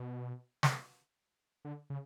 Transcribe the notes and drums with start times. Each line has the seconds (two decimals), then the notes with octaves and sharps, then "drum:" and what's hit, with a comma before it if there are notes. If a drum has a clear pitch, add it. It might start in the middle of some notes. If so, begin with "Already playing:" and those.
Already playing: B2
0.63 drum: snare
1.65 D3
1.90 C#3